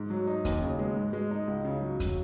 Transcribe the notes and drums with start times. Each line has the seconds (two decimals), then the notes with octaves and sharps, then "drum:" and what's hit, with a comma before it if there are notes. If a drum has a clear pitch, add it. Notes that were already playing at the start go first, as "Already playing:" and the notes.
Already playing: G#2
0.10 F#3
0.27 D#4
0.45 D#2, drum: kick E2, hi-hat
0.62 C#3
0.79 G#3
0.97 G#2
1.13 G#3
1.31 D#4
1.47 C#2
1.65 C#3
1.82 F#3
2.00 F#3, drum: kick E2, hi-hat